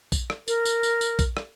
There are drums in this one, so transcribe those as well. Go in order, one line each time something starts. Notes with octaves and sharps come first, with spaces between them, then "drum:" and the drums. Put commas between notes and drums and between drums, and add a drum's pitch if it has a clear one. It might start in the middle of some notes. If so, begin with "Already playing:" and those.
drum: kick A#1, tambourine
drum: rim click
A#4, drum: tambourine
drum: tambourine
drum: tambourine
drum: tambourine
drum: kick A#1, tambourine
drum: rim click